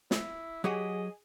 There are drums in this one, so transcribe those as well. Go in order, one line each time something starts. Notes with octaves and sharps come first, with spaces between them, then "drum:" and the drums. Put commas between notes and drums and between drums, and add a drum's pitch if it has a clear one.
E4, drum: snare
F#3 G4 G#4 D#5 F#5